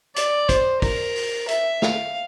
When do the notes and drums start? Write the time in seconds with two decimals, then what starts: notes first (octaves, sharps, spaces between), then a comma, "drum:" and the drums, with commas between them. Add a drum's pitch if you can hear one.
0.16 D5, drum: hi-hat
0.49 C5, drum: kick, hi-hat
0.82 A#4, drum: kick, open hi-hat
1.15 drum: open hi-hat
1.48 E5, drum: hi-hat
1.82 F5, drum: snare